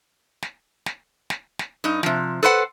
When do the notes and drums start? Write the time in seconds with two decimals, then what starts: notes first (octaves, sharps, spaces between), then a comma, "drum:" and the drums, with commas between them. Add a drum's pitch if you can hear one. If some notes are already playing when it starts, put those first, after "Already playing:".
0.42 drum: snare
0.86 drum: snare
1.30 drum: snare
1.59 drum: snare
1.84 G2 D#4
2.03 C3 F3, drum: snare
2.43 A4 B4 C5 F#5